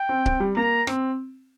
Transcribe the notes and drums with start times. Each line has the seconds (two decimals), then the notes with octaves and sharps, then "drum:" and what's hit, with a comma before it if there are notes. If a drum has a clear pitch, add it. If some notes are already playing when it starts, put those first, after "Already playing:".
Already playing: G5
0.09 C4
0.26 C4, drum: kick C#1
0.40 G3
0.56 A#3 A#5
0.87 C4, drum: rim click